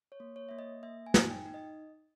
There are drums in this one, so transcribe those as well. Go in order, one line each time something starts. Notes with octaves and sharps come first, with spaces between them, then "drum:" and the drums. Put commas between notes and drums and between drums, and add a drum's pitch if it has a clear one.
C#5
A#3
C#5
A#3 E5
D#5
A#3 E5
G#5
D#4, drum: snare
G5
D#4
D#5